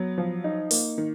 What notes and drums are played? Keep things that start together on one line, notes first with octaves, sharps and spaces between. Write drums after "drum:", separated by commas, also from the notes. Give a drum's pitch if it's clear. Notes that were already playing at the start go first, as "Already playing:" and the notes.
Already playing: F#3 B3
F3
D#4
A#3, drum: open hi-hat
D#3